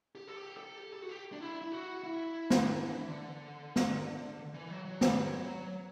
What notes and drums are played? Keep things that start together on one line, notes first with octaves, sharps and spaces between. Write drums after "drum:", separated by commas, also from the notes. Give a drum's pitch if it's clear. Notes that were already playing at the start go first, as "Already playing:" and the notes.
G4
A4
G4
A4
G4
A4
F#4
G4
D4
E4
E4
F#4
E4
drum: snare
D4
E3
D3
drum: snare
E3
F#3
F#3
G3, drum: snare
F#3